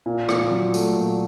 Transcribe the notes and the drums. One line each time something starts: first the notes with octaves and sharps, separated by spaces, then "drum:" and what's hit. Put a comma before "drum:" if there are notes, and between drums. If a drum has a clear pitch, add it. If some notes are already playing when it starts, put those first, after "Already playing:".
A#2
A#2, drum: rim click
F#3
A3, drum: tambourine
A#2